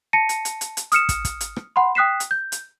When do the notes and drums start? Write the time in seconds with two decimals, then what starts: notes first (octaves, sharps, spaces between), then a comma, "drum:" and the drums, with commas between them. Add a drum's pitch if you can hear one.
0.13 A5 A#6 C#7 D#7
0.29 drum: hi-hat
0.45 drum: hi-hat
0.61 drum: hi-hat
0.77 drum: hi-hat
0.92 D#6 F6 C#7 E7, drum: hi-hat
1.09 drum: kick, hi-hat
1.25 drum: kick, hi-hat
1.41 drum: hi-hat
1.56 drum: rim click
1.76 F#5 B5 C6
1.95 G5 D#6 F#6 B6 C7 E7
2.20 drum: hi-hat
2.31 G6
2.52 drum: hi-hat